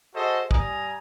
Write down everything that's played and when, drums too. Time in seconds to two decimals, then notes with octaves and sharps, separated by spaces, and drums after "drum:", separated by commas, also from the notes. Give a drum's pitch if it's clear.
0.15 F#4 G#4 A4 C5 D#5
0.51 G3 G#5 A#5 D#6, drum: kick